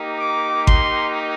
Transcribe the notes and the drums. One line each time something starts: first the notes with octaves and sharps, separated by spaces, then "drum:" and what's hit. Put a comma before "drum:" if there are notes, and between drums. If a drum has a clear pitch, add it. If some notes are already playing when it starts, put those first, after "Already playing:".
Already playing: A#3 D#4 G4
D6
C6, drum: kick G#1